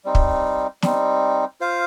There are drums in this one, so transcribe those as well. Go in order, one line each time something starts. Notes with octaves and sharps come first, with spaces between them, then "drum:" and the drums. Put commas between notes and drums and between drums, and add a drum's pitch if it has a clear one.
G3 C4 D#4
drum: kick
G3 C4 D#4, drum: snare
F4 C5 F5